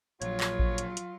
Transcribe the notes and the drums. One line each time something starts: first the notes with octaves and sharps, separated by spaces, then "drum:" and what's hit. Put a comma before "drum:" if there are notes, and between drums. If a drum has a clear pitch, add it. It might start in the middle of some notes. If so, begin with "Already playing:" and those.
A#1 F#3 F4 C#5, drum: hi-hat
drum: clap
drum: kick A1
drum: hi-hat
drum: hi-hat